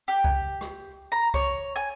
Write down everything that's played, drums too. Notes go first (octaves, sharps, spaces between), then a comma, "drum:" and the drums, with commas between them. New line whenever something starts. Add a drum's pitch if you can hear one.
G4
drum: kick C2
drum: rim click
A#5
C#5, drum: kick C2
G#5